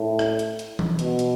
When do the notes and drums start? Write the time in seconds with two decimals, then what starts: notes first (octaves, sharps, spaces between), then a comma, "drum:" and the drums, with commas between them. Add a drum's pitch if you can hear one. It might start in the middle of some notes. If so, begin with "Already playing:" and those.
Already playing: A2
0.19 drum: rim click
0.39 drum: hi-hat
0.59 drum: hi-hat
0.79 drum: tom E3
0.99 B2, drum: hi-hat
1.19 drum: hi-hat